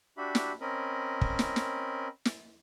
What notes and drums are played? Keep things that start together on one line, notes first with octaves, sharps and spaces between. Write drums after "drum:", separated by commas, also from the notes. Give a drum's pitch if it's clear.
D4 F#4 G4 E5 B5
drum: snare
C4 C#4 A#4 D#5 B5
drum: kick
drum: snare
drum: snare
drum: snare